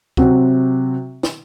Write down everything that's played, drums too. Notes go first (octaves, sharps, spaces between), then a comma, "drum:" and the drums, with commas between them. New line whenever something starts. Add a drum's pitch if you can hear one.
C3 F#3 C4 F#4, drum: kick D2
drum: snare